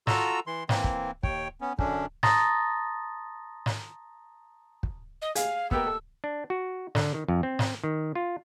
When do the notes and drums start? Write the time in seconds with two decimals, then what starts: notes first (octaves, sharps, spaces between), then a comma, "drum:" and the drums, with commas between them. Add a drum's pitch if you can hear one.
0.07 F4 F#4 A4 A#5 E6, drum: snare
0.47 E3 C6
0.69 E3 A#3 C4, drum: snare
0.84 drum: kick
1.23 D#2 C#5 G5, drum: kick
1.61 B3 C#4
1.79 F#2 D3 C#4 D4, drum: kick
2.23 A5 A#5 C6 D#6 A6 A#6, drum: snare
3.66 drum: snare
4.83 drum: kick
5.22 D#5
5.35 G#4 F5, drum: hi-hat
5.71 B3 G4 A#4 E6, drum: kick
5.86 A4
6.24 D4
6.50 F#4
6.95 D3, drum: snare
7.14 D#3
7.28 F2
7.43 C4
7.59 drum: snare
7.84 D#3
8.15 F4